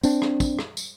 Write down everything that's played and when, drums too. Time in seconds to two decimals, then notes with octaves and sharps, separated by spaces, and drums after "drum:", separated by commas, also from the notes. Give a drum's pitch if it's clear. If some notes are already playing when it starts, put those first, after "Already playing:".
0.03 C4 D4, drum: tambourine
0.22 drum: rim click
0.40 drum: kick, tambourine
0.59 drum: rim click
0.77 drum: tambourine